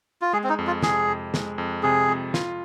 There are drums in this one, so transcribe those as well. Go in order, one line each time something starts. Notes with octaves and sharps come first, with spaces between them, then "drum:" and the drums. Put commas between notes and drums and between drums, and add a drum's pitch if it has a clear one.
F4
G#3 G#4
C4
D#4
F2
F4
C3 G#4, drum: snare
F2
G#3, drum: snare
F2
C3 G#4
F2
F4, drum: snare